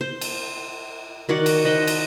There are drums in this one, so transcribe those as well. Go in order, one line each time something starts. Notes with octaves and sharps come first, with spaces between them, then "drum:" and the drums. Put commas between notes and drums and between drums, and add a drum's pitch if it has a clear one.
C5
drum: cymbal
D#3 F#4 D5 F#5
drum: cymbal
C5 D#5 F#5 B5
drum: cymbal